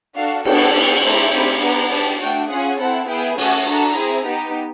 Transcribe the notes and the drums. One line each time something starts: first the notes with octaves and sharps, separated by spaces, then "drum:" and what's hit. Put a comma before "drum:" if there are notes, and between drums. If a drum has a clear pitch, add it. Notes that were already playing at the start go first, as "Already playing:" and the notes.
D4 F#4 A4 F5
B3 D4 F#4 A4 G5, drum: cymbal
B3 D4 G4 G5
A3 C4 E4 G4 A#5
C4 D#4 G4 B5
B3 D4 G4 A#5
D4 G4 A5
A3 D4 F#4 G5
C#4 F4 G#4 F#5
C4 E4 A4 F#5
B3 E4 G#4 G5
A3 C#4 F#4 A4 G#5, drum: open hi-hat
D4 F#4 A4 A#5
C4 E4 G#4
B3 D#4 G4